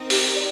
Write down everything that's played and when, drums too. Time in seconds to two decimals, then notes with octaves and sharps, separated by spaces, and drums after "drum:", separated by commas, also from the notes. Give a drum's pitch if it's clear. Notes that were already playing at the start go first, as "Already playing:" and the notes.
Already playing: C4 D#4 A#4 D#5
0.10 G4, drum: open hi-hat
0.36 D5